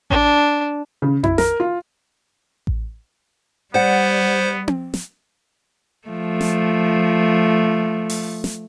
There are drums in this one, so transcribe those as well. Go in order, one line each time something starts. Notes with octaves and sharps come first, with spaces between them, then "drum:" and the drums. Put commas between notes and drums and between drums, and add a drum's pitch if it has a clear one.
D4, drum: kick A1
C#3
E4, drum: tom F2
A#4, drum: snare
F4
drum: kick A1
G3 B3 C5 D5 F#5
drum: tom C4
drum: snare
F3 A3
drum: snare
drum: open hi-hat
drum: snare